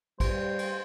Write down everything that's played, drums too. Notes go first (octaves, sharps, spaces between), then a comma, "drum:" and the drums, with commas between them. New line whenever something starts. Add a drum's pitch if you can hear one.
G3 C5, drum: kick, cymbal
drum: cymbal